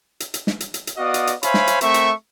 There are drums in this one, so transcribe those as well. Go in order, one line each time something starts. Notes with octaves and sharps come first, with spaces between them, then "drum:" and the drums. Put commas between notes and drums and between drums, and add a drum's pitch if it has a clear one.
drum: hi-hat
drum: hi-hat
drum: snare
drum: hi-hat
drum: hi-hat
drum: hi-hat
B3 F#4 D5 D#5 F5 D#6
drum: hi-hat
drum: hi-hat
C5 C#5 E5 F5 G#5 B5, drum: hi-hat
drum: snare
drum: hi-hat
A3 C4 A#4 E5 C#6, drum: hi-hat
drum: hi-hat